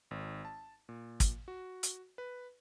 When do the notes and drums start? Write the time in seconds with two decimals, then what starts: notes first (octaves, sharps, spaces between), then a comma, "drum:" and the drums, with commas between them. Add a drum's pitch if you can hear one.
0.11 G#1
0.45 A5
0.89 A#2
1.20 drum: kick, hi-hat
1.48 F#4
1.83 drum: hi-hat
2.18 B4